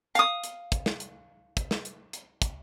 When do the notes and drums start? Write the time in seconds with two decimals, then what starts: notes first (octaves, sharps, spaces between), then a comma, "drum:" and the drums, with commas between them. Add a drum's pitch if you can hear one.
0.15 F5 D#6, drum: hi-hat
0.44 drum: hi-hat
0.72 drum: kick, hi-hat
0.86 drum: snare
1.00 drum: hi-hat
1.57 drum: kick, hi-hat
1.71 drum: snare
1.85 drum: hi-hat
2.13 drum: hi-hat
2.42 drum: kick, hi-hat